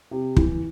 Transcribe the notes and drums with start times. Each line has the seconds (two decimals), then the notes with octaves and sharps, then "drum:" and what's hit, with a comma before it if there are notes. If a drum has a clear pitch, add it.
0.11 C3
0.37 E3, drum: kick